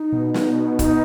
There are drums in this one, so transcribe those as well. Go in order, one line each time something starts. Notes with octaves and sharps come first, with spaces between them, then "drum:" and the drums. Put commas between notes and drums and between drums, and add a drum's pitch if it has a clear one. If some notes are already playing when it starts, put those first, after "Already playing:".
Already playing: D#4
B2
D#4, drum: snare
D#4, drum: kick, hi-hat